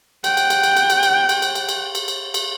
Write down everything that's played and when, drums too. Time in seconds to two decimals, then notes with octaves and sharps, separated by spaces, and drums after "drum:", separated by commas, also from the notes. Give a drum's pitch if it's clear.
0.24 F#5 G5, drum: cymbal
0.37 drum: cymbal
0.50 drum: cymbal
0.63 drum: cymbal
0.77 drum: cymbal
0.90 drum: cymbal
1.03 drum: cymbal
1.29 drum: cymbal
1.42 drum: cymbal
1.55 drum: cymbal
1.69 drum: cymbal
1.95 drum: cymbal
2.08 drum: cymbal
2.34 drum: cymbal